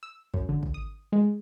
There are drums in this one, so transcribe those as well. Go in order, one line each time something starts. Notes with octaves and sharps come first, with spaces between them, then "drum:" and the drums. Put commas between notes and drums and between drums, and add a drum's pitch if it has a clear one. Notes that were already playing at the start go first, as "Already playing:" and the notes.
E6
F#2, drum: kick
D3
drum: kick
D#6
G#3